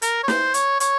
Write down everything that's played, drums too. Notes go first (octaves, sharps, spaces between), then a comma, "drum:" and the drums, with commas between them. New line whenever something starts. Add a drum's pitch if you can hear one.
A#4, drum: hi-hat
C#5
C5, drum: snare
C#5, drum: hi-hat
C#5, drum: hi-hat